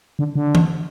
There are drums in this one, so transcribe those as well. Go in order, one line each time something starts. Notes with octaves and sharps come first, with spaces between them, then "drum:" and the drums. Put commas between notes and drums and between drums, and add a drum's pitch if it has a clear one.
D3
D3
drum: tom E3